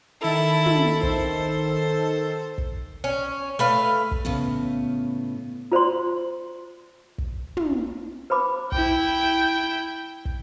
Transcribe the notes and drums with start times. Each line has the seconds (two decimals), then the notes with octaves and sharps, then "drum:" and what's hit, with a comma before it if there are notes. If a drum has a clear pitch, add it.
0.21 D#3 E4 A4
0.66 drum: tom
1.03 C5, drum: kick
2.58 drum: kick
3.04 C#4
3.59 A3 B4 F5
4.11 drum: kick
4.25 A2 C#3 B3
5.72 F4 C5 D5 C6
7.18 drum: kick
7.57 drum: tom
8.30 B4 C5 B5 D6
8.72 E4 G5, drum: kick
10.25 drum: kick